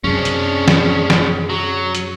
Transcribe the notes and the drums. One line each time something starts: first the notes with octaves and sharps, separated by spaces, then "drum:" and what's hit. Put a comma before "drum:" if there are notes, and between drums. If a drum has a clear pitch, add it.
F#2 C3 C#4 D4 G#4
drum: hi-hat
drum: snare
drum: snare
F#3
drum: hi-hat